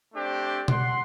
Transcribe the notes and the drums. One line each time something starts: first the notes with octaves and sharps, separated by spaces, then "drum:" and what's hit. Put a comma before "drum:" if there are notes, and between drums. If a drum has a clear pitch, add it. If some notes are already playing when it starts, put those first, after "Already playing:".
A3 C4 D4 G4
F#5 C6, drum: tom B2